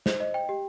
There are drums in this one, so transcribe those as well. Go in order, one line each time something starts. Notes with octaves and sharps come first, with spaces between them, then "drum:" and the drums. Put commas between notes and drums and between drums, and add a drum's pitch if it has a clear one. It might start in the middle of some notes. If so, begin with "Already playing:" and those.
C5, drum: snare
D#5
G5
G4